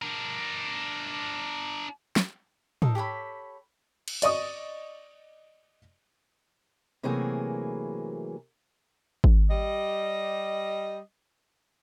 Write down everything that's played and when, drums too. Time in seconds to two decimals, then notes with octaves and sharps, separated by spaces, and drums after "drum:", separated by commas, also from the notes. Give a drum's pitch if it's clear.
0.02 D4 A#4
2.16 drum: snare
2.82 D#4 A4 A#4 C5, drum: tom
2.95 G4 A4 C#5 B5
4.08 drum: cymbal
4.22 D5 D#5 C#6 D#6, drum: hi-hat
7.03 C3 E3 F#3 A3 A#3 G#4
9.24 drum: kick G#1
9.50 G3 D#5